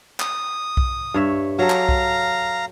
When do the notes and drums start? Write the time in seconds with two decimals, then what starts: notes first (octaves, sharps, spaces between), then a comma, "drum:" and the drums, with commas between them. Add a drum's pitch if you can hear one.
0.20 D#6, drum: clap
0.77 drum: kick B1
1.14 G2 C#5 E5
1.59 F#3 A4 F5 A#5
1.70 drum: clap
1.89 drum: kick B1